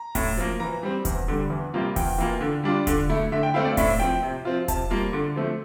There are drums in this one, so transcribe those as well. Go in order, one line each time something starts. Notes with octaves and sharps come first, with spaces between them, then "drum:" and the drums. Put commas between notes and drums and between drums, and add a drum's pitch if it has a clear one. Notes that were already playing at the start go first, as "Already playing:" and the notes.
Already playing: A#5
A2, drum: kick E1, open hi-hat
F3 A#3
E3 A#5
G3 C4
E2, drum: kick E1, hi-hat
D3 G3
E2
C3 G3 A#3 F4
E2 G5, drum: kick E1, open hi-hat
E3 A#3 F4
D3
G3 D4 F4
D3, drum: kick E1, hi-hat
A3 E4
D3 E5
G5
A3 C4 E4 F5
D5
A2 E5, drum: kick E1, open hi-hat
F3 C4 G5
C3
F3 C4 F4
C3 A5, drum: kick E1, hi-hat
G3 A#3 F4
D3
F3 A3 C4